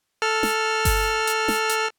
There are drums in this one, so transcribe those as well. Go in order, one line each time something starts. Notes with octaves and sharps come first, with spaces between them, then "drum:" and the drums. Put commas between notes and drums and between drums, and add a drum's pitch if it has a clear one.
A4 F6
drum: snare
drum: kick G1, open hi-hat
drum: hi-hat
drum: snare
drum: hi-hat